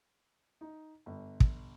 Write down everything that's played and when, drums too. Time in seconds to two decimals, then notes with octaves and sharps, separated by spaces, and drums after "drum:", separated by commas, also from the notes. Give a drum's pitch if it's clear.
0.61 D#4
1.06 G1
1.40 drum: kick